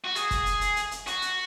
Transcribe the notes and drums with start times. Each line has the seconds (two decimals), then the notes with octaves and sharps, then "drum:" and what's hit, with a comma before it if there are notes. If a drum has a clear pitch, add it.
0.04 F#4
0.15 G#4, drum: hi-hat
0.31 drum: kick, hi-hat
0.46 drum: hi-hat
0.61 drum: hi-hat
0.76 drum: hi-hat
0.91 drum: hi-hat
1.07 F#4, drum: hi-hat
1.22 drum: hi-hat